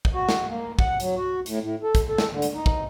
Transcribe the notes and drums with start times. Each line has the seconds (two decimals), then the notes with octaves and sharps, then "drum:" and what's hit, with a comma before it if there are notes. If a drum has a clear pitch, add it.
0.05 drum: kick
0.14 F#4
0.29 drum: snare
0.49 A#3
0.79 F#5, drum: kick
1.00 F#3, drum: hi-hat
1.16 F#4
1.46 A2, drum: hi-hat
1.60 A2
1.83 A4
1.95 drum: kick, hi-hat
2.09 A4
2.18 drum: snare
2.32 D3
2.42 drum: hi-hat
2.55 D#4
2.66 drum: kick